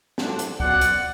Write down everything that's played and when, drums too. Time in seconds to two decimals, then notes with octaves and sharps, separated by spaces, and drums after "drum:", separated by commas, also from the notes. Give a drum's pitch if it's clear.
0.18 G#2 F#3 A3 D4 F4, drum: snare
0.39 drum: hi-hat
0.60 B2 F#3 C#4 F4 D5 F#5, drum: kick
0.81 drum: hi-hat